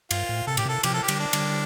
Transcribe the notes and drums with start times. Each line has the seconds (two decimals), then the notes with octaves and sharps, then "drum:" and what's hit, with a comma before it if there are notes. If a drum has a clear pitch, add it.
0.11 G2 F4, drum: cymbal
0.29 A2
0.47 C3 A4
0.57 A2 G4, drum: cymbal
0.65 C3 A4
0.83 C3 F3 G4, drum: cymbal
0.94 A4
1.03 G4
1.08 D3 G3, drum: cymbal
1.20 D4
1.33 D3 G3, drum: cymbal